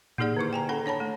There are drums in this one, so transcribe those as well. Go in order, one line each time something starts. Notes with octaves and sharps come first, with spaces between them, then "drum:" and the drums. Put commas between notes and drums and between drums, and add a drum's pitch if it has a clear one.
A#3 D#4 G4 G#4 D5 F#5, drum: tom A2
D3 D#3 E4 C#6
G5 G#5 A#5
C#4 A4 F#5 B5
D4 C#5 A5 B5
A3